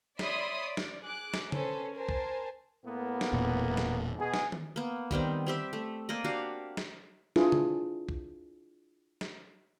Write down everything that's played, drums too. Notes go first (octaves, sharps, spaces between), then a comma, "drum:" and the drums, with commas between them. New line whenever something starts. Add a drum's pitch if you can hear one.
C#5 D5 E5 B5 C6 D#6, drum: snare
D5
drum: snare
G#4 D6 F#6
drum: snare
C#4 A4 B4 C5, drum: tom C#3
A#4 C5 G#5 A5
drum: kick B1
A2 A#3 B3
drum: snare
E1 E2 A#2
drum: snare
B2 G#4
drum: snare
drum: tom D#3
A#3 B3
D#3 G3 B3 C4, drum: kick B1
C4 G4 E5
A3
A#3 D5 D#5
D4 F#4 G4 F5
drum: snare
D4 E4 F4 G#4 B4, drum: snare
drum: tom C#3
drum: kick B1
drum: snare